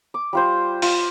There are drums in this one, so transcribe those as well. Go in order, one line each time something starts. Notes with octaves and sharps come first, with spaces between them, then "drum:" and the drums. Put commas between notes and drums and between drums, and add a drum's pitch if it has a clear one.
D6
G3 F4 C5
F4, drum: open hi-hat